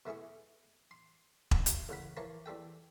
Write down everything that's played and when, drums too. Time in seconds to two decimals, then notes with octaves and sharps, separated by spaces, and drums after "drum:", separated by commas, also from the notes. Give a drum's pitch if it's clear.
0.06 B2 A3 E4 G#4 C#6
0.91 C6
1.51 drum: kick E1
1.66 drum: hi-hat
1.89 A1 C#3 F#5 B5
2.17 E3 F3 A#3 C#5 A5 C#6
2.46 E2 G3 A4 G5